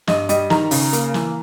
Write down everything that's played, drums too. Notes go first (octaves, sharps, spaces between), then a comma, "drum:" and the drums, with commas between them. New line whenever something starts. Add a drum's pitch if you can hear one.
G2 D#5, drum: snare
G3 D#5, drum: hi-hat
D#3 A#5, drum: snare
C#3, drum: open hi-hat
A#3, drum: hi-hat
E3, drum: snare